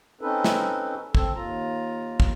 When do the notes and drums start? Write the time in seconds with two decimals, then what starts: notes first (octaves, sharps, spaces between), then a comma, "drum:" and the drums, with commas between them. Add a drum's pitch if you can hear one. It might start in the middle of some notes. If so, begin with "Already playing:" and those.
0.21 C4 C#4 D#4 A4 B4
0.45 drum: snare
1.15 C4 A4, drum: kick
1.35 D#2 F4 A#5
2.20 drum: kick